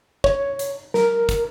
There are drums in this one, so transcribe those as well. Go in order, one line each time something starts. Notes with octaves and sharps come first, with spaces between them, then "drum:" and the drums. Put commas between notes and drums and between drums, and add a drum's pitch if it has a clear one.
C#5, drum: kick
drum: hi-hat
A#4, drum: snare
drum: kick, hi-hat